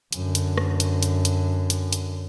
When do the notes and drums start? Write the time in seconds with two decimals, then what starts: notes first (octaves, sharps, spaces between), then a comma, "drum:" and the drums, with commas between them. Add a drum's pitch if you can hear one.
0.12 F#2 D3, drum: hi-hat
0.35 drum: hi-hat
0.58 drum: rim click
0.80 drum: hi-hat
1.03 drum: hi-hat
1.25 drum: hi-hat
1.70 drum: hi-hat
1.93 drum: hi-hat